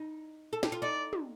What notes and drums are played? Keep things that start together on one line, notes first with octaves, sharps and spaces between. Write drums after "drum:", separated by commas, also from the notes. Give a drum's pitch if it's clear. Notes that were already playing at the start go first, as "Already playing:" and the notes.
Already playing: D#4
A4
G4, drum: snare
F4
D#4 D5
drum: tom